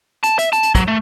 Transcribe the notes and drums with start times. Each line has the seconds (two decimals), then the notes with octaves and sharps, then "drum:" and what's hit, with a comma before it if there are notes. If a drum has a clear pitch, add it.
0.24 A5, drum: hi-hat
0.39 E5, drum: hi-hat
0.53 A5, drum: hi-hat
0.63 drum: hi-hat
0.75 F#3, drum: kick, hi-hat
0.88 A3